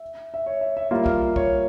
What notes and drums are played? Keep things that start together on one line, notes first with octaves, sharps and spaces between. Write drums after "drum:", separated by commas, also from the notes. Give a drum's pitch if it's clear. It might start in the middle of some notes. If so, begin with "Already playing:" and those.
Already playing: E5
E5
C#5
E5
E5
G3 A#3 F4
drum: kick B1
C#5, drum: kick B1